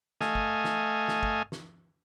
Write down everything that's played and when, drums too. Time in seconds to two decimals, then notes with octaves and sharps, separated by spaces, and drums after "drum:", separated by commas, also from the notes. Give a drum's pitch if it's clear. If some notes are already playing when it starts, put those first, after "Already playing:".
0.21 A3 D#5 F5 G#5, drum: snare
0.35 drum: kick G1
0.64 drum: snare
1.08 drum: snare
1.23 drum: kick G1
1.52 drum: snare